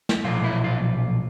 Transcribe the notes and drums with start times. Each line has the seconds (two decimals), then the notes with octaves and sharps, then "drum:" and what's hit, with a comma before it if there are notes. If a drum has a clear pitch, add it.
0.09 drum: snare
0.24 B1 A#2 F3 F4
0.44 E4
0.64 F4